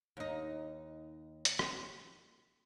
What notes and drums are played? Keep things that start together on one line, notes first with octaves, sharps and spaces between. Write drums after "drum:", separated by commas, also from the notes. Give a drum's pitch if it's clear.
D#2 D#4
drum: hi-hat
drum: rim click